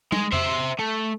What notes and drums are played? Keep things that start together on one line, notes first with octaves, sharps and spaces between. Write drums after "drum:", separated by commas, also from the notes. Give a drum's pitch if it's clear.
G#3, drum: tom
C5 E5, drum: tom F2
A3